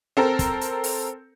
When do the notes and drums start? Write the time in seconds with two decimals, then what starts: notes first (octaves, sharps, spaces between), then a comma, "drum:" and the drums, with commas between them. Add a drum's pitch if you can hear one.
0.17 C4 A4 A#4
0.39 drum: kick, hi-hat
0.61 drum: hi-hat
0.84 drum: open hi-hat